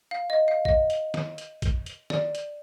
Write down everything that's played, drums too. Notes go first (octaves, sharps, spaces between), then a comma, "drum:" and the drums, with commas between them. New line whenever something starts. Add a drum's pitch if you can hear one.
F5
D#5
F5
D#5, drum: kick
drum: hi-hat
drum: snare
drum: hi-hat
drum: kick, hi-hat
drum: hi-hat
D5, drum: snare
drum: hi-hat